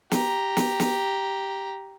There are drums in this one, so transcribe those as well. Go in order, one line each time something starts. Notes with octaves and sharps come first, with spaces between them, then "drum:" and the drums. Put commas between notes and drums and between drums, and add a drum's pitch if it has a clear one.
G4 A#5, drum: snare
drum: snare
drum: snare